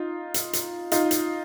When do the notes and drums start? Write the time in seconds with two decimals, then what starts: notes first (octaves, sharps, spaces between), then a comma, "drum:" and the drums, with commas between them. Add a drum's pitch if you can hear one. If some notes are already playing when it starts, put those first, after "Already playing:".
Already playing: D#4 F4
0.34 drum: hi-hat
0.53 drum: hi-hat
0.92 D#4 F4, drum: hi-hat
1.11 drum: hi-hat